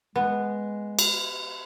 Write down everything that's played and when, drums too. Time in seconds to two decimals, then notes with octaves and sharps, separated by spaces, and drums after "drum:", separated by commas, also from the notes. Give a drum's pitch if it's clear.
0.16 G#3 B3
0.99 drum: cymbal